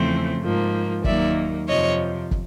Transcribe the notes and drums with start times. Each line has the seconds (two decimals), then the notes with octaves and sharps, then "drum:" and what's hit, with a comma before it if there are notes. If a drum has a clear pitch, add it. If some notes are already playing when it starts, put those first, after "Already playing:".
Already playing: E2 C#3 F3 A3 C4
0.41 G#2 F3 A#3
1.04 D#2 D#3 F#3 A#3 D5 E5, drum: kick
1.68 F2 C3 F3 C#5 D#5
2.31 drum: kick